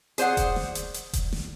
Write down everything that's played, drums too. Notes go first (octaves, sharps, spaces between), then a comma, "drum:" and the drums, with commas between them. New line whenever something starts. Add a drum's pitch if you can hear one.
G#4 C5 D5 F#5, drum: hi-hat
drum: kick E1, hi-hat
drum: snare
drum: hi-hat
drum: hi-hat
drum: kick E1, hi-hat
drum: snare